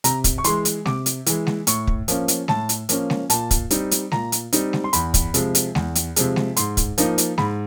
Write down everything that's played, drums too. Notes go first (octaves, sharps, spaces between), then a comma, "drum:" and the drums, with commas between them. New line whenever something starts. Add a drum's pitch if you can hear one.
C3 A#5, drum: hi-hat
drum: kick, hi-hat
C#6
E3 G#3 C6, drum: hi-hat
drum: hi-hat
C3 D6, drum: snare G#3
drum: hi-hat
E3 G#3, drum: hi-hat
drum: snare G#3
A2 C#6, drum: hi-hat
drum: kick
F3 A#3 C#4, drum: hi-hat
drum: hi-hat
A2 A5, drum: snare G#3
drum: hi-hat
F3 A#3 C#4, drum: hi-hat
drum: snare G#3
A#2 A5, drum: hi-hat
drum: kick, hi-hat
G3 C4 D#4, drum: hi-hat
drum: hi-hat
A#2 A#5, drum: snare G#3
drum: hi-hat
G3 C4 D#4, drum: hi-hat
drum: snare G#3
C6
E2 B5, drum: hi-hat
drum: kick, hi-hat
C3 F3 G#3, drum: hi-hat
drum: hi-hat
E2, drum: snare G#3
drum: hi-hat
C3 F3 G#3, drum: hi-hat
drum: snare G#3
G#2 C6, drum: hi-hat
drum: kick, hi-hat
F3 A#3 D#4, drum: hi-hat
drum: hi-hat
G#2 B5, drum: snare G#3